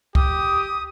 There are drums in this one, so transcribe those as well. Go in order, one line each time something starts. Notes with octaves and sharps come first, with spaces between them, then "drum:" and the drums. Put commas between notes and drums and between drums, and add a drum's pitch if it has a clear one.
G4 D#6, drum: kick C#2